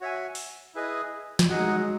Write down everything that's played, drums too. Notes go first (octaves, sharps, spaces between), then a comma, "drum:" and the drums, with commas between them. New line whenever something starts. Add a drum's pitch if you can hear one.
F#4 C#5 E5 G#5
drum: open hi-hat
E4 G#4 B4 D#5
drum: snare
F#3 D#4 G#4 D#5 F#5
G#3
F#3